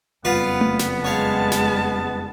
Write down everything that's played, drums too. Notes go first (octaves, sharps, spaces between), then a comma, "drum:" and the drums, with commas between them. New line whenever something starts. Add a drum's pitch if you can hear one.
F#1 F2 G3 B3 F4 B4 F5
drum: tom A3
drum: snare
G#3 C#5 F5 A5
drum: snare